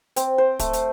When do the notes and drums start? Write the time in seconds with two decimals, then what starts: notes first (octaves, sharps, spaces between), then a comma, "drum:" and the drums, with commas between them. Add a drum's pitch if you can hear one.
0.16 C4, drum: hi-hat
0.38 C5
0.59 A3, drum: kick, hi-hat
0.73 drum: hi-hat